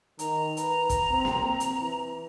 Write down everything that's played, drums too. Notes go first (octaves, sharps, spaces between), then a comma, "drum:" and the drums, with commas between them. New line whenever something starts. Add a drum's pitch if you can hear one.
D#3 A#5, drum: hi-hat
B4 A#5, drum: hi-hat
drum: kick, hi-hat
C4
drum: snare A#3
drum: hi-hat
E3